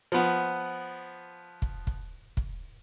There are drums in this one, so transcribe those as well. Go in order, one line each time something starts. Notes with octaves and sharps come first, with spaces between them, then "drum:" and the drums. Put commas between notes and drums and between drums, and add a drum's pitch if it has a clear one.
F3 B3
drum: kick
drum: kick
drum: kick